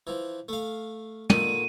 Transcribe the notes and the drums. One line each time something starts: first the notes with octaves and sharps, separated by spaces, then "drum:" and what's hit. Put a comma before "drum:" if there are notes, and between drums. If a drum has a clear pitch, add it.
E3 F3
A3 F5
A#2 D3 D#3 D#7, drum: tom